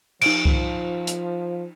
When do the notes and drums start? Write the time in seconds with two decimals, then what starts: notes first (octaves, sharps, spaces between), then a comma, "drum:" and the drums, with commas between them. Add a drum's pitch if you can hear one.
0.22 F3 D#4 D7, drum: cymbal
0.45 drum: kick C2
1.07 drum: hi-hat